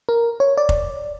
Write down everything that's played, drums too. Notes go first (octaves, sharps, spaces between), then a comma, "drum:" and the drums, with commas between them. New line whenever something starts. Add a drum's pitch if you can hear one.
A#4
C#5
D5
drum: kick F1